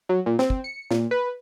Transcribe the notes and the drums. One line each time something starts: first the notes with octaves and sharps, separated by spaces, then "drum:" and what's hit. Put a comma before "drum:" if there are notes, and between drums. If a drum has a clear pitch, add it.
F#3
A#2
C4, drum: snare
drum: kick
C#7
A#2, drum: snare
B4